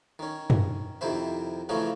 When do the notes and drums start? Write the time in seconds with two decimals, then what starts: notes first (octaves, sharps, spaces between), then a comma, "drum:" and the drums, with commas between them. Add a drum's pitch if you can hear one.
0.19 D#3 C#4
0.50 drum: tom
1.01 F2 C3 D#3 E4 C5 E5
1.69 C#3 E3 F3 A3 C#4 D#4